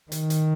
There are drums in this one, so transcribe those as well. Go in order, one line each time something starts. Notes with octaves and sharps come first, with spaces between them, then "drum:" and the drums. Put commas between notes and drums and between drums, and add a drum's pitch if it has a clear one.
D#3, drum: hi-hat
drum: hi-hat